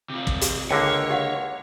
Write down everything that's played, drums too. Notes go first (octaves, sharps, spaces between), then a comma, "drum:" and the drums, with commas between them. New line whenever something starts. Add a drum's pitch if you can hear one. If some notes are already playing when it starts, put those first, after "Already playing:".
C3 F4
drum: kick
drum: hi-hat
C#2 D3 A#3 C#5 G5
G4 F5 F#5